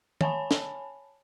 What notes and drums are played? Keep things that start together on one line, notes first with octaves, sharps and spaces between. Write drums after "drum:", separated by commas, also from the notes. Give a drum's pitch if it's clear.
C#5 G#5 A5 B5, drum: tom
drum: snare